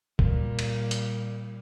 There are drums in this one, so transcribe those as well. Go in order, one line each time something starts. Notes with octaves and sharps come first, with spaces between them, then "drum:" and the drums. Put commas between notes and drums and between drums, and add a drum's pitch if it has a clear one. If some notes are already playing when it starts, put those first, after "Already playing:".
A#2 G3, drum: kick
drum: cymbal
drum: hi-hat